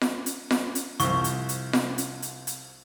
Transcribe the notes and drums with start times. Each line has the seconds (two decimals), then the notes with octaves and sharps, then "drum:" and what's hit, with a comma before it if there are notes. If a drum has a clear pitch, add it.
0.01 drum: snare F4
0.26 drum: hi-hat
0.51 drum: snare F4
0.75 drum: hi-hat
1.00 C2 F3 C#6, drum: hi-hat
1.24 drum: hi-hat
1.49 drum: hi-hat
1.73 drum: snare F4
1.98 drum: hi-hat
2.22 drum: hi-hat
2.47 drum: hi-hat